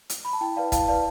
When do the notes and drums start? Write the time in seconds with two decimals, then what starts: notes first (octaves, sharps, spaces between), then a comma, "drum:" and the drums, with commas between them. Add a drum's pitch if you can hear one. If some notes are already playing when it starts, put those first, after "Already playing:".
0.10 drum: hi-hat
0.25 B5
0.33 A5
0.41 E4 G5
0.57 B4 D5 F5 A5
0.72 E4 F5 A5, drum: kick, hi-hat
0.88 B4 D5 F5 A5